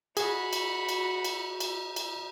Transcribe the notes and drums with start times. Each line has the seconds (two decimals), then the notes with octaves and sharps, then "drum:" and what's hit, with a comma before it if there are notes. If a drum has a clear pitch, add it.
0.17 F#4 G#4 B5, drum: cymbal
0.53 drum: cymbal
0.89 drum: cymbal
1.25 drum: cymbal
1.60 drum: cymbal
1.96 drum: cymbal